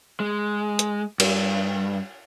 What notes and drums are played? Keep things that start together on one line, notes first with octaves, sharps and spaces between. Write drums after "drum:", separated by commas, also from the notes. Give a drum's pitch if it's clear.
G#3
drum: hi-hat
G2, drum: cymbal